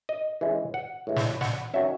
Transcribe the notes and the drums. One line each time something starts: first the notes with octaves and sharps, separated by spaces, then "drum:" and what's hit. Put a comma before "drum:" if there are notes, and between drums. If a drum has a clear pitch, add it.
D#5
E3 G#3 C#4
F#5
A2 E3 G#3
drum: snare
F#5, drum: snare
D#3 F#3 C#4 E5